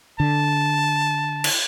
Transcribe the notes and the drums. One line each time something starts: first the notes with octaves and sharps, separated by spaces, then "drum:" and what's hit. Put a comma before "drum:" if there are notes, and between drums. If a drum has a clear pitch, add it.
D3 A5
drum: cymbal